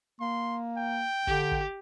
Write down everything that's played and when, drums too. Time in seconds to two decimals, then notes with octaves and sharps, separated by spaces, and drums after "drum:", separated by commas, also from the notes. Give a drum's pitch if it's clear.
0.21 A#3 C6
0.78 G5
1.27 D3 G4, drum: kick
1.52 drum: kick